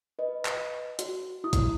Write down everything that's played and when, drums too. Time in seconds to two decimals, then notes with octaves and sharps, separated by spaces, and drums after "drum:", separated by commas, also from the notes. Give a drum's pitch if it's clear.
0.19 B4 D#5
0.45 drum: clap
0.99 F#4, drum: hi-hat
1.44 E4 D#6
1.53 drum: kick A#1, hi-hat